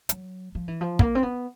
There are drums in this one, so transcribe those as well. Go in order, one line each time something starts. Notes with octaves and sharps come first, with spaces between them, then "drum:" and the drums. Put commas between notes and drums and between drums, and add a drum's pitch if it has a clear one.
F#3, drum: hi-hat
F3
E3
F3
A#3, drum: kick
C4
B3